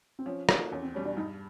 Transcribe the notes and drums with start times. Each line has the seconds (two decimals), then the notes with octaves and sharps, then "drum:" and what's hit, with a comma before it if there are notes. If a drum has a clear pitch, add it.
0.19 C4
0.26 F3 C#4
0.49 A#3 D#4 F#4 A4, drum: rim click
0.72 E2 C#4
0.82 C4
0.94 B2 G3 C#4
1.05 D4
1.17 G2 D#4